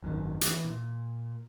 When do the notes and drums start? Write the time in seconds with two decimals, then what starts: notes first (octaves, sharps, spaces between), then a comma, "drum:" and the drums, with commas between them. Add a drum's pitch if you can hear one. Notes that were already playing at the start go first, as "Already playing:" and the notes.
0.03 G#1 F#2 A2 D#3
0.41 E3, drum: hi-hat
0.65 A#2